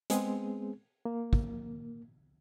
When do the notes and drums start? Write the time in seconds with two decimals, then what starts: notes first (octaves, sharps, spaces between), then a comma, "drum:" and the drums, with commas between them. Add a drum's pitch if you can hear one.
0.10 G#3 B3 C4 G#4, drum: hi-hat
1.05 A#3
1.33 drum: kick